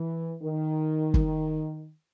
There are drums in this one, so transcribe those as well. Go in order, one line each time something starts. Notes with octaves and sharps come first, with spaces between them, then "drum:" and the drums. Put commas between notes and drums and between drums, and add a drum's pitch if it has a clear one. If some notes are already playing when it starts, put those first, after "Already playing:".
Already playing: E3
D#3
drum: kick